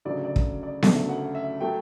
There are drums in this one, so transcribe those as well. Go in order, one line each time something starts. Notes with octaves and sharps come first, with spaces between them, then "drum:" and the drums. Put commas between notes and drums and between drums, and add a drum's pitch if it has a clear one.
D2 C#3 F#3 A3 D5
D5
drum: kick
D5
D2 C#3 F#3 A3 E5, drum: snare B3
F#5
E5
F#3 A3 G5